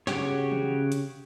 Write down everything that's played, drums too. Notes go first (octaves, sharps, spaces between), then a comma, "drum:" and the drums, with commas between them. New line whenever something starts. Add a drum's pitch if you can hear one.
C#3 F#4 G4 C#5, drum: snare
drum: tom
drum: hi-hat